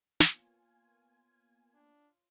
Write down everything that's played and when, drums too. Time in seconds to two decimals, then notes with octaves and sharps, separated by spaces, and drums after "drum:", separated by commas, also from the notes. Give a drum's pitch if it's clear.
0.20 A#3 B3 F4 C#5 G#5, drum: snare
1.75 D4